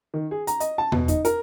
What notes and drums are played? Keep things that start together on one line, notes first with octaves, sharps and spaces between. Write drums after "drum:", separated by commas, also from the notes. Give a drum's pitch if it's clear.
D#3
G#4
A#5, drum: hi-hat
D#5, drum: hi-hat
A5
B2, drum: tom E2
D#4, drum: kick F2, hi-hat
A#4, drum: hi-hat